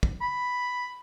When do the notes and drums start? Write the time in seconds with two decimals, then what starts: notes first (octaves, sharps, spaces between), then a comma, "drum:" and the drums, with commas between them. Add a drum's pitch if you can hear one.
0.03 drum: kick
0.21 B5